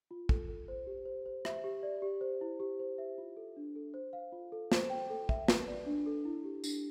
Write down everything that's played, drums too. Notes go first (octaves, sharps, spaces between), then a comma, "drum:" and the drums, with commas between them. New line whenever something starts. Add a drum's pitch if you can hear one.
F4
A4, drum: kick
A4
C5
G4
C5
C5
E5, drum: rim click
G4
D5
G4
C5
E4
G4
C5
E5
F4
A4
D4
A4
C5
F5
F4
A4
C5, drum: snare
G5
A4
E5, drum: kick
B4, drum: snare
D5
D4
A4
E4
G4
D4, drum: tambourine